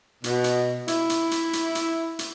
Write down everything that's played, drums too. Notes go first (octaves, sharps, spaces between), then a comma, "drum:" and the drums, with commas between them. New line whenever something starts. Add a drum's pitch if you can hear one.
B2, drum: hi-hat
drum: hi-hat
E4, drum: hi-hat
drum: hi-hat
drum: hi-hat
drum: hi-hat
drum: hi-hat
drum: hi-hat